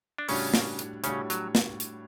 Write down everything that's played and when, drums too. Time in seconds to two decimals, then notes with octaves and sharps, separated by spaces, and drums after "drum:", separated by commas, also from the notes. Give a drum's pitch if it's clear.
0.19 D4
0.29 A2 C#3 G3 C#4 D4 F#4 C#5, drum: open hi-hat
0.54 drum: snare
0.79 drum: hi-hat
1.04 A2 C#3 G3 C#4 D4 F#4 C#5, drum: hi-hat
1.30 F#3, drum: hi-hat
1.55 drum: snare
1.80 drum: hi-hat